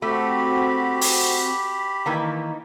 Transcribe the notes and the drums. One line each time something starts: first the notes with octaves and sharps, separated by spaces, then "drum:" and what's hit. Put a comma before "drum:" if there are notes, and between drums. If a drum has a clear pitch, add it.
A3 C4 F#4 G4 B5
drum: open hi-hat
D#3 E3 A#3 D#4